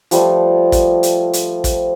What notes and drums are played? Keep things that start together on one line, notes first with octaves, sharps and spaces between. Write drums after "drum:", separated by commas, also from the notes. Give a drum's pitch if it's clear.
F3 G3 A3, drum: hi-hat
drum: kick, hi-hat
drum: hi-hat
drum: hi-hat
drum: kick, hi-hat